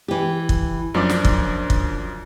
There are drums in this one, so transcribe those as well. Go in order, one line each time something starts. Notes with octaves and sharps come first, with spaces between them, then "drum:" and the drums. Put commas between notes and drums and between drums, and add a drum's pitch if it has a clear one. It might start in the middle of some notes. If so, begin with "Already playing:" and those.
E3 G4
drum: kick
F#2 F3 A#3 D4 D5
drum: snare
drum: kick
drum: kick